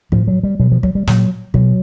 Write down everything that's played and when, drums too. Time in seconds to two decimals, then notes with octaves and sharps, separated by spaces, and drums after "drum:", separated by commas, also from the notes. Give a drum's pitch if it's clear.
0.12 A2 F3, drum: kick
0.28 F#3
0.43 G3
0.60 B2 F#3
0.72 F3
0.83 F#3, drum: kick
0.95 G3
1.07 A#2 F#3, drum: snare
1.54 B2 F#3, drum: kick